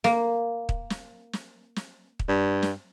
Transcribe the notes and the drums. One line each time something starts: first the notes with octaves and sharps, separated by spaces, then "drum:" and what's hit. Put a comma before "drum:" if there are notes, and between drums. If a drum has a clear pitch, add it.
A#3, drum: snare
drum: kick
drum: snare
drum: snare
drum: snare
drum: kick
G2
drum: snare